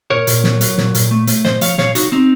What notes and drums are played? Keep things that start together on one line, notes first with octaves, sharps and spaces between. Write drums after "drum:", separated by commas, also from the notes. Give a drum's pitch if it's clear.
A#2 A#4 C#5
A#2, drum: hi-hat
F#3, drum: snare
F#3, drum: hi-hat
A#2, drum: snare
A#2, drum: hi-hat
A3
A3, drum: hi-hat
A#2 C5 D#5, drum: snare
F3 C#5 F5, drum: hi-hat
A#2 C#5 F5, drum: snare
C2 D#4 F#4, drum: hi-hat
C4 D#4